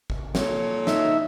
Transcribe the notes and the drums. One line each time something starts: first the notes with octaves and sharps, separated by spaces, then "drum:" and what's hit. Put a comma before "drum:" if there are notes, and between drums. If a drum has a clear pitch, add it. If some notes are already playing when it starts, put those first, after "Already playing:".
drum: kick
A#2 A4 C#5, drum: snare
D#4 E5, drum: snare